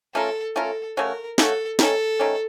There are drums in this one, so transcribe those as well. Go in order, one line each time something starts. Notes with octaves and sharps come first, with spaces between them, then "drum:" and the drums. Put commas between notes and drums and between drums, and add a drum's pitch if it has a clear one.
A3 C#4 F4 A4 A#4
A3 C#4 F4 A4 A#4
C#3 A3 C#4 F#4 A#4
C#3 A3 C#4 F#4 A4, drum: snare
D#3 A3 C#4 A4, drum: snare
D#3 A3 C#4